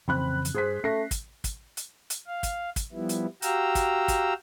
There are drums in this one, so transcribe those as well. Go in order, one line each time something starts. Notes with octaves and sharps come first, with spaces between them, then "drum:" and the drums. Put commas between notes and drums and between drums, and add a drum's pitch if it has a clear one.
F2 C#3 E3 C4 B5 F#6
drum: hi-hat
G2 G#4 C5 B6
A3 C#4 A#6 C7
drum: kick, hi-hat
drum: kick, hi-hat
drum: hi-hat
drum: hi-hat
F5
drum: kick, hi-hat
drum: kick, hi-hat
F3 G3 B3 E4
drum: hi-hat
F#4 G4 F5 G5 A#5 E6, drum: hi-hat
drum: kick, hi-hat
drum: kick, hi-hat